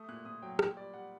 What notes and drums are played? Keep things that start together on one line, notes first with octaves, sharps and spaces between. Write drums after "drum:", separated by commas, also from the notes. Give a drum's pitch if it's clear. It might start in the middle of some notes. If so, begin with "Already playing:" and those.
Already playing: A3 D#6
A#2 F#6
A#2 D#6
F#3 G5
A#2 G5, drum: rim click
G3 D5
G3 F#5